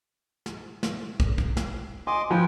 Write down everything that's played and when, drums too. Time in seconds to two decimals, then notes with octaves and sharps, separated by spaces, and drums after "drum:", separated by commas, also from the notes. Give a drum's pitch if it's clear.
0.46 drum: snare
0.83 drum: snare
1.20 drum: kick
1.38 drum: kick
1.57 drum: snare
2.07 D#5 G#5 C6 D6
2.30 F3 B4 G5 G#5